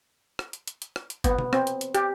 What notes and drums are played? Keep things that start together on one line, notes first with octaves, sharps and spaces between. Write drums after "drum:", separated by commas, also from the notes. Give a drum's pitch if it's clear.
drum: rim click
drum: hi-hat
drum: hi-hat
drum: hi-hat
drum: rim click
drum: hi-hat
B3, drum: kick G1, hi-hat
drum: tom B2
C4, drum: rim click
drum: hi-hat
drum: hi-hat
G4, drum: hi-hat